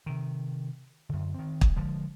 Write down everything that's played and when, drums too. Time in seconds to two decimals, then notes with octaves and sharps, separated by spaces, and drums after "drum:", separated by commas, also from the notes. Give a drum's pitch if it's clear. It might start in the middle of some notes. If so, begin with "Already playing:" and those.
0.06 C3 D#3
1.09 F#2 D3
1.34 D#3 C4
1.61 drum: kick
1.76 D3 F3 G#3